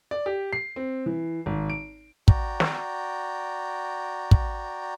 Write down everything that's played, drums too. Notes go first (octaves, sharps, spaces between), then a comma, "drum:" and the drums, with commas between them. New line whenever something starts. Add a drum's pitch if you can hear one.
D5
G4
C7
C4
E3
G#1
D7
F#4 D5 G5 A#5, drum: kick
drum: snare
drum: kick